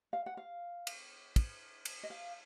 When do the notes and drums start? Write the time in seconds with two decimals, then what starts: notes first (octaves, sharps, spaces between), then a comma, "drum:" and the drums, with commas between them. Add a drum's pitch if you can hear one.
0.13 F5
0.26 F#5
0.37 F5
0.87 drum: cymbal
1.36 drum: kick, cymbal
1.85 drum: cymbal
2.03 D#5
2.10 F5